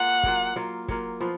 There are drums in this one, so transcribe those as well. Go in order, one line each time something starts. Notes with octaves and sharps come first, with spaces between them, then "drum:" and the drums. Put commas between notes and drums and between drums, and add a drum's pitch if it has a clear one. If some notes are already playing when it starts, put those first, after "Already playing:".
Already playing: A#3 F4 F#5
F#3 A#3 F4, drum: kick
F#3 A#3 F4
F#3 A#3 F4, drum: kick
F3 B3 F4